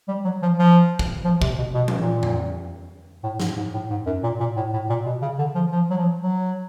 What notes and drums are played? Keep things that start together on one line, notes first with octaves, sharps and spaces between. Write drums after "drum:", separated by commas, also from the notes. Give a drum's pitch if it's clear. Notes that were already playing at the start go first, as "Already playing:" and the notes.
G3
F#3
F3
F3
drum: kick
F3
C3, drum: kick
B2
B2
drum: tom E3
A#2
drum: tom F2
A2
G#2, drum: snare
G#2
A2
G#2
F#2
A#2
A#2
A2
A2
A#2
B2
C#3
D3
F3
F3
F#3
F3
F#3